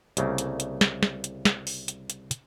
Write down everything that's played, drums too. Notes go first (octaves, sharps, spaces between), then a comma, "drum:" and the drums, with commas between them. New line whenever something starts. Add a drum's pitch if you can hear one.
C2 C#3 A3 A#3, drum: hi-hat
drum: hi-hat
drum: hi-hat
drum: snare
drum: snare
drum: hi-hat
drum: snare
drum: open hi-hat
drum: hi-hat
drum: hi-hat
drum: hi-hat